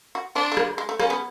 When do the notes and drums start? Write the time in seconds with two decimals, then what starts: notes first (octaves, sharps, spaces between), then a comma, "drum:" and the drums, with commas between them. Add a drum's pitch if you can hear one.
0.15 F#4
0.36 C4 D4
0.52 A3
0.57 A#3, drum: rim click
0.78 G#3
0.89 A3
1.00 A#3 C#4, drum: rim click
1.10 B3